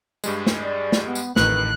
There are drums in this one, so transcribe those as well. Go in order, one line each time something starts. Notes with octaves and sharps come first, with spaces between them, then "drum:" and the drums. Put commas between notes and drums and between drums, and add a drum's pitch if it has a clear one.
G2 G3 G#3, drum: tambourine
drum: snare
D5
drum: snare
B3
drum: tambourine
A1 F2 D#3 B4 F#6, drum: snare